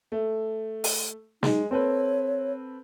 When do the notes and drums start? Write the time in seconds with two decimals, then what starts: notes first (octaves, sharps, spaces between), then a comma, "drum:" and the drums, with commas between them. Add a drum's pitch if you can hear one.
0.12 A3
0.84 drum: open hi-hat
1.43 G#3 D#4, drum: snare
1.71 C4 A4 B4 C#5